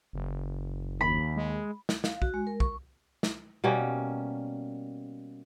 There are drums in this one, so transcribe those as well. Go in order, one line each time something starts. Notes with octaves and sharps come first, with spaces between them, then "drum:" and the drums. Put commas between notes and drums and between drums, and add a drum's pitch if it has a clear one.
F#1
D#2 B5
G#3
drum: snare
F5, drum: snare
F#4, drum: kick
G#3
A#4
C#6, drum: kick
drum: snare
B2 G3 A#3 C#4